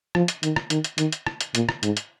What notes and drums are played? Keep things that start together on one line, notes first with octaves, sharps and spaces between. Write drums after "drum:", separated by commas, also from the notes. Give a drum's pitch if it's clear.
F3, drum: rim click
drum: hi-hat
D#3, drum: hi-hat
drum: rim click
D#3, drum: hi-hat
drum: hi-hat
D#3, drum: hi-hat
drum: hi-hat
drum: rim click
drum: hi-hat
A#2, drum: hi-hat
drum: rim click
G#2, drum: hi-hat
drum: hi-hat